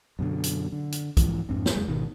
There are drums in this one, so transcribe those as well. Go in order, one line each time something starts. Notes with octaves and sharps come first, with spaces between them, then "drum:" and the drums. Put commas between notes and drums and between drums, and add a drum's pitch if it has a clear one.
F#2 B2 D3
drum: hi-hat
D3
drum: hi-hat
G#2 E3 F3, drum: kick, hi-hat
F2 G#2 C4 D4
drum: snare
F#1 E2 G#3
G#1 B2 D#3